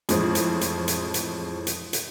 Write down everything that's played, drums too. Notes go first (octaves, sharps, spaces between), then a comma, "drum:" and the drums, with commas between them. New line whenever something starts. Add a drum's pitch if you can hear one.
F2 A2 E3 F3 G#3 C4, drum: hi-hat
drum: hi-hat
drum: hi-hat
drum: hi-hat
drum: hi-hat
drum: hi-hat
drum: hi-hat